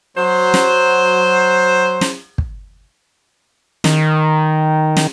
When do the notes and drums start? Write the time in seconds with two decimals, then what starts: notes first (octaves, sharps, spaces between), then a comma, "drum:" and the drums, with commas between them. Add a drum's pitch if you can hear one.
0.17 F#3 C5
0.54 drum: snare
2.01 drum: snare
2.38 drum: kick
3.84 D#3, drum: snare
4.97 drum: snare